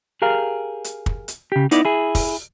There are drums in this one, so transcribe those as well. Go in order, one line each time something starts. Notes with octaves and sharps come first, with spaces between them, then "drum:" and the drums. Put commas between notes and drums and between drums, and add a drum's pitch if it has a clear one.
G4 G#4 A#4 F5
drum: hi-hat
drum: kick
drum: hi-hat
C#3 G4
B3 D#4 E4 D5, drum: hi-hat
E4 G#4
drum: kick, open hi-hat